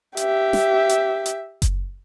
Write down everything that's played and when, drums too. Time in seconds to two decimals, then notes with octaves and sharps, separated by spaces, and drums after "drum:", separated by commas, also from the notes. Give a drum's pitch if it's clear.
0.17 G4 E5, drum: hi-hat
0.53 drum: snare
0.89 drum: hi-hat
1.26 drum: hi-hat
1.62 drum: kick F#1, hi-hat